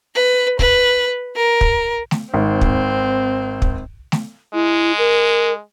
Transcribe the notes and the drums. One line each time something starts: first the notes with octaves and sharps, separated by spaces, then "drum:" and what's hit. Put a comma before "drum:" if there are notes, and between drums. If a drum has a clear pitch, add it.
B4
B4, drum: kick
A#4
drum: kick
drum: snare A3
G#1 C4
drum: kick
drum: kick
drum: snare A3
G#3 E4
A#4